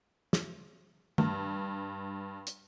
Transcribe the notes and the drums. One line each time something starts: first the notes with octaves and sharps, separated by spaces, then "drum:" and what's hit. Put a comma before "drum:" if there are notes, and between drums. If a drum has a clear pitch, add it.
drum: snare
G2, drum: tom
drum: hi-hat